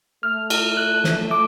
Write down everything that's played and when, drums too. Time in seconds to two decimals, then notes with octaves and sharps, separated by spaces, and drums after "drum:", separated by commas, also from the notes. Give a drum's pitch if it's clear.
0.23 A3 F6
0.50 F6, drum: cymbal
0.77 F#6
1.04 drum: snare
1.31 D6